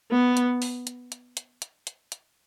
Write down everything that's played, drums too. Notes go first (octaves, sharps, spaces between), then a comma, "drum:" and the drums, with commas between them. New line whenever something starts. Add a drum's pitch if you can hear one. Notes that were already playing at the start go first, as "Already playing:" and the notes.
B3
drum: hi-hat
drum: open hi-hat
drum: hi-hat
drum: hi-hat
drum: hi-hat
drum: hi-hat
drum: hi-hat
drum: hi-hat